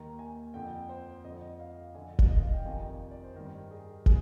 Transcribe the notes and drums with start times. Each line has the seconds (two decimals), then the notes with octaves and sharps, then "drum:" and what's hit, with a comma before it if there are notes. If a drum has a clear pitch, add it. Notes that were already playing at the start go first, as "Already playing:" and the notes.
Already playing: D#2 D#3 A#5
0.19 G#5
0.54 F2 D3 G5
0.89 C5
1.24 F2 D3 D#5
1.60 F5
1.95 F2 D3 G#5
2.19 D5, drum: kick
2.31 D#5
2.42 F5
2.54 G5
2.65 F2 C3 D#3 G#5
3.11 D5
3.24 C5
3.36 G2 D#3 A#4
3.71 G#4
4.06 G#4, drum: kick